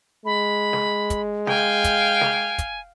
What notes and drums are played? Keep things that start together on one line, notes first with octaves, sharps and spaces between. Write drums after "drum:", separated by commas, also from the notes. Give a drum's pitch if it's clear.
G#3 B5
drum: snare
drum: kick, hi-hat
F5 G5 G#5, drum: snare
drum: kick, hi-hat
drum: snare
drum: kick, hi-hat